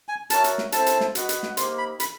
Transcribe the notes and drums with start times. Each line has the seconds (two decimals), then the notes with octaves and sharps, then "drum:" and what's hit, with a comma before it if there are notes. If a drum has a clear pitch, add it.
0.09 G#5
0.30 F#4 A#4 C#5 E5 A5, drum: hi-hat
0.44 drum: hi-hat
0.58 drum: snare
0.72 C4 E4 A4 C5 A5, drum: hi-hat
0.86 drum: hi-hat
1.01 drum: snare
1.15 F#4 B4 D#5 F#5, drum: hi-hat
1.29 drum: hi-hat
1.43 drum: snare
1.57 A#3 D#4 G4 C5 C6, drum: hi-hat
1.78 B5
2.00 B5, drum: hi-hat